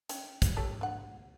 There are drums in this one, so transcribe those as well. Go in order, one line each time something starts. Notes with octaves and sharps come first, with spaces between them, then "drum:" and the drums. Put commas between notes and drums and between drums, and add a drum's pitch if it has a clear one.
C#4 G5, drum: hi-hat
drum: kick, hi-hat
G4 A4 C#5
D4 F#5